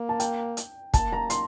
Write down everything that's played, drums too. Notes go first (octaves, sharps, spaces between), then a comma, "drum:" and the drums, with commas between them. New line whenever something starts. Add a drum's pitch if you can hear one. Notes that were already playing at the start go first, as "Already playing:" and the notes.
Already playing: A#3
A5
G5, drum: hi-hat
drum: hi-hat
A#3 A5, drum: kick, hi-hat
A#5
C6, drum: hi-hat